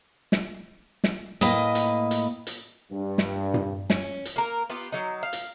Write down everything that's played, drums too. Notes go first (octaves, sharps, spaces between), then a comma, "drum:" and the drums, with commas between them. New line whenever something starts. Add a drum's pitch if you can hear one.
drum: snare
drum: snare
A2 A#3 B4 D#5, drum: hi-hat
drum: hi-hat
drum: hi-hat
drum: hi-hat
G2
drum: snare
drum: tom G2
C#4, drum: snare
drum: hi-hat
A#3 A#4
B3 F4 G4
F#3 D#4
F5
drum: hi-hat